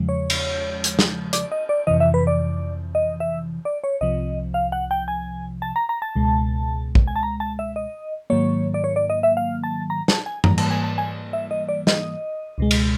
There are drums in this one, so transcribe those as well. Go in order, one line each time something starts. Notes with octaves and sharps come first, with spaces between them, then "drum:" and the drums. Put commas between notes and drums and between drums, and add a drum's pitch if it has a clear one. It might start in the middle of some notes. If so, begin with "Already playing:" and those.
Already playing: E2 C#3 F3 G#3
C#5
drum: cymbal
drum: hi-hat
drum: snare
D5, drum: hi-hat
D#5
D5
F2 C3 E3 D#5
E5
B4
D5
D#5
E5
D5
C#5
C2 C3 F3 D#5
F5
F#5
G5
G#5
A5
A#5
A#5
A5
C#2 B2 G#3
drum: kick
G#5
A5
A#5
A5
E5
D#5
G#2 D#3 F#3 A#3 C#5
D5
C#5
D5
D#5
E5
F5
A5
A#5
A5, drum: snare
G#5
G#2 E3 G3 A#3 A#5, drum: tom
A5, drum: cymbal
G#5
A5
G#5
E5
D#5
D5
D#5, drum: snare
C#2 B2 G#3
drum: cymbal